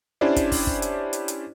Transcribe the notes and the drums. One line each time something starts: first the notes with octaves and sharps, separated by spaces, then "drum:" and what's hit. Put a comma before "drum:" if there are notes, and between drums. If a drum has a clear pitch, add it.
C#4 D4 E4 G4 C5 D5
drum: kick, hi-hat
drum: kick, open hi-hat
drum: kick
drum: hi-hat
drum: hi-hat
drum: hi-hat